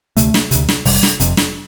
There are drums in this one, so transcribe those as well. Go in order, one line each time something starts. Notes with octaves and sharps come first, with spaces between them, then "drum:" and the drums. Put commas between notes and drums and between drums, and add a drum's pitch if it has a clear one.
D2 C3 A3, drum: hi-hat
drum: snare
D2 C3, drum: hi-hat
drum: snare
F1 F2 C3 G3, drum: open hi-hat
drum: snare
F1 F2 C3, drum: hi-hat
drum: snare